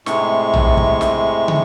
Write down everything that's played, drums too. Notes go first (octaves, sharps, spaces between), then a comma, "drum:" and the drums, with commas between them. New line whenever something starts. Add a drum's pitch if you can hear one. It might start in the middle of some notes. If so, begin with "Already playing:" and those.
A2 C3 G#3 C#6, drum: snare
drum: tom A#1
drum: kick
drum: snare
drum: tom